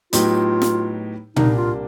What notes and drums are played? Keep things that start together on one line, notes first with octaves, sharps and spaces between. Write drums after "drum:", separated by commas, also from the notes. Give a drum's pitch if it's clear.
A2 F#3 B3 D#4 F4 G4, drum: hi-hat
drum: snare
C2 A#2 G3 A#3 D4 D#4, drum: tom A#2
F4